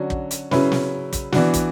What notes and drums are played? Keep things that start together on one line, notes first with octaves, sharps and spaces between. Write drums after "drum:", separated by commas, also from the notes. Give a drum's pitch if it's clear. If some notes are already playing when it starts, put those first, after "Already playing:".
Already playing: D3 F#3 C#4 F#4
drum: kick
drum: hi-hat
C#3 F#3 C#4 E4 B4, drum: snare
drum: snare
drum: kick, hi-hat
E3 B3 D4 F#4, drum: snare
drum: kick, hi-hat